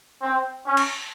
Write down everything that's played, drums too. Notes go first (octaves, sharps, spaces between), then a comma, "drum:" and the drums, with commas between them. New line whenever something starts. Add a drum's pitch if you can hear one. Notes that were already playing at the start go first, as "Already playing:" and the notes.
C4
C#4
drum: cymbal